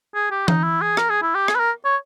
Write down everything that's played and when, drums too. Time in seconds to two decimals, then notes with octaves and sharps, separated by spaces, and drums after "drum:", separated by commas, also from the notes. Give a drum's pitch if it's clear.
0.15 G#4
0.31 G4
0.48 D#4, drum: tom E3
0.64 E4
0.81 G#4
0.97 A#4, drum: rim click
1.10 G#4
1.22 E4
1.35 G4
1.48 G#4, drum: rim click
1.55 B4
1.60 A#4
1.85 C#5